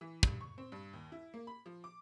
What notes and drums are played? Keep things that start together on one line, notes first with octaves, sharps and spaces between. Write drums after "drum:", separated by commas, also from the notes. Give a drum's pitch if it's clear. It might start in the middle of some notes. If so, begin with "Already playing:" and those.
E3
G2, drum: kick
C#6
C4
G2
D#2
E4
A#3
B5
F3
D6